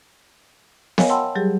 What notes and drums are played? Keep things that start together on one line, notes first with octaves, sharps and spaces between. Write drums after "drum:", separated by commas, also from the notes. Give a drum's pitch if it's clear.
A#4 C#5 D#5 F5 G#5, drum: snare B3
F#5 G5 A5 B5 C6 E6
F#3 G3 G4 G#4